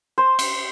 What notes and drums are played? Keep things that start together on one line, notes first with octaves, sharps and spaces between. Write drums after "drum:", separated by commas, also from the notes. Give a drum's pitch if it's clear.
C5
drum: cymbal